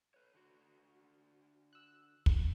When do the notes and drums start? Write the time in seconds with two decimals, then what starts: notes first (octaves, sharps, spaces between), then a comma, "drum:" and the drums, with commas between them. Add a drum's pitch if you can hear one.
0.14 B4 C#5
0.34 D3 F#4
1.73 E6 F#6
2.26 drum: kick